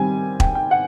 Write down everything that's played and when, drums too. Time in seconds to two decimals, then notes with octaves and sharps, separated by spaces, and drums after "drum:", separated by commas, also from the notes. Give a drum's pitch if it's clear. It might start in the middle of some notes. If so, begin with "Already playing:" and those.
Already playing: D#3 G3 C4 G#5
0.40 G5, drum: kick E1
0.55 G5
0.71 F#5